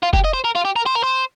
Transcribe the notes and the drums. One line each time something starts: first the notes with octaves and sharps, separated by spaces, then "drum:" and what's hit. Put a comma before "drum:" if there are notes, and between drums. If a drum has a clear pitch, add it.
F4
G4, drum: kick F1
D#5
C5
A#4
F4
G4
A#4
C5
A#4
C5